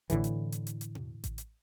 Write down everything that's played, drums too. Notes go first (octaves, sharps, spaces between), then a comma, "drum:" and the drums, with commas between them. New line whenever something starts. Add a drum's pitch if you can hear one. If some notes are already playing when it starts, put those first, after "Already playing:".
A2 D3 E3, drum: kick A1, hi-hat
drum: hi-hat
drum: hi-hat
drum: hi-hat
drum: hi-hat
drum: tom B2
drum: kick A1, hi-hat
drum: hi-hat